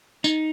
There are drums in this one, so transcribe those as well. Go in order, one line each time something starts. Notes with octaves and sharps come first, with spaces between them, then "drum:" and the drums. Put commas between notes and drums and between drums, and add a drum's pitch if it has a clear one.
D#4, drum: tambourine